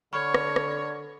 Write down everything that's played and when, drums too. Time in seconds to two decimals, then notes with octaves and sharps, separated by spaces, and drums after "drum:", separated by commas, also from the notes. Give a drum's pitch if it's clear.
0.13 D3 C#5 B5 C#6 F6
0.34 drum: rim click
0.56 drum: rim click